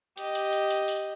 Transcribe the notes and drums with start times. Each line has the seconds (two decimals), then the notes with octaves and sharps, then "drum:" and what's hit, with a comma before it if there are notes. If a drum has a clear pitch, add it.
0.17 G4 D#5, drum: hi-hat
0.35 drum: hi-hat
0.53 drum: hi-hat
0.70 drum: hi-hat
0.88 drum: open hi-hat